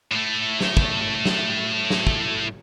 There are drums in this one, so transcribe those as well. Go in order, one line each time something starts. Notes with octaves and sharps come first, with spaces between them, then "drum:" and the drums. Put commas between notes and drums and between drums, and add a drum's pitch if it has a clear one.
A2 A3
drum: snare
drum: kick
drum: snare
drum: snare
drum: kick